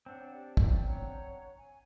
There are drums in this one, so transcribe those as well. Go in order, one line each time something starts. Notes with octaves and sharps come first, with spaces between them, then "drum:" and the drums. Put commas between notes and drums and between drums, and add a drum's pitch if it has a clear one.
C4 D4 C#5 F#5
G4 D5
drum: kick
C#5 F#5 A#5
G#5